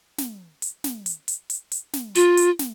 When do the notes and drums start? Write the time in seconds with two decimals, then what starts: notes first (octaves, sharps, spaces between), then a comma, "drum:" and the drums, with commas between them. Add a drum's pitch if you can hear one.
0.18 drum: snare
0.62 drum: hi-hat
0.84 drum: snare
1.06 drum: hi-hat
1.28 drum: hi-hat
1.50 drum: hi-hat
1.72 drum: hi-hat
1.93 drum: snare
2.15 F4, drum: hi-hat
2.37 drum: hi-hat
2.59 drum: snare